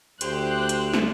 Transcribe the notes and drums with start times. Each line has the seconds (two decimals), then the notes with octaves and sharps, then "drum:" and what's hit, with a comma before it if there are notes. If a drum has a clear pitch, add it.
0.21 D2 G4 C5 F#6, drum: hi-hat
0.69 drum: hi-hat
0.93 drum: snare